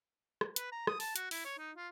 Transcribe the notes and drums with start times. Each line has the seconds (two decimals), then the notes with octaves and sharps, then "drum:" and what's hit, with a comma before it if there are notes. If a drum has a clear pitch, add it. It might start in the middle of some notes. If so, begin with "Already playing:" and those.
0.41 drum: rim click
0.56 B4, drum: hi-hat
0.72 A#5
0.87 D#6, drum: rim click
1.00 A5, drum: open hi-hat
1.16 F#4, drum: hi-hat
1.31 E4, drum: open hi-hat
1.45 C#5
1.58 D#4
1.77 F4